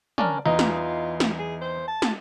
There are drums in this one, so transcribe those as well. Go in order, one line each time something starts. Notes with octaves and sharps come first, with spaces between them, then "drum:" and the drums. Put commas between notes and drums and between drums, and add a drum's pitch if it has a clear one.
C#4 D4 A#4 D5, drum: tom
E2 D#4 F4 D#5
drum: snare
drum: snare
G#4
C5
A5
drum: snare